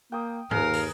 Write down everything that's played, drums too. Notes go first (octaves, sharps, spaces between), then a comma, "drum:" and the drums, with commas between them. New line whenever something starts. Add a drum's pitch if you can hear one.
A#3 G5 D#6
D#2 G#4 A#4 B4 F5, drum: tom G2
drum: open hi-hat